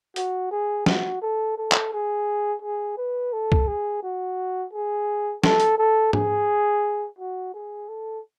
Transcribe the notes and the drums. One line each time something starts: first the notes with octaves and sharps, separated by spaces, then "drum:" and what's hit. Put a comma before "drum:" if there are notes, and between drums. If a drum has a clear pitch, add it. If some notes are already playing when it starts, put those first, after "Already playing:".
F#4, drum: hi-hat
G#4
F#4, drum: snare
A4
A4
drum: clap
G#4
G#4
B4
A4
drum: kick C2
G#4
F#4
G#4
A4, drum: snare
drum: hi-hat
A4
G#4, drum: tom
F#4
G#4
A4